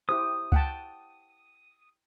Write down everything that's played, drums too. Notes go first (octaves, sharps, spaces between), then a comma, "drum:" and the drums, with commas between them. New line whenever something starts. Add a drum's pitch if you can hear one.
E4 G4 C5 D#6
F#5 G5 A5, drum: kick C#2